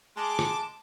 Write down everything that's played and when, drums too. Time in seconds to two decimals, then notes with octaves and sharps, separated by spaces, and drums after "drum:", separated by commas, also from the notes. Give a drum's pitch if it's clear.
0.17 G#3 A5 D6
0.39 drum: rim click